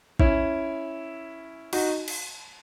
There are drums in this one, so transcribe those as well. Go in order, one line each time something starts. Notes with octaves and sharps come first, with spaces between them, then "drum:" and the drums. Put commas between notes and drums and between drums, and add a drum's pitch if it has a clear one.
C#4 E4, drum: kick
D#4 F#4, drum: cymbal
drum: cymbal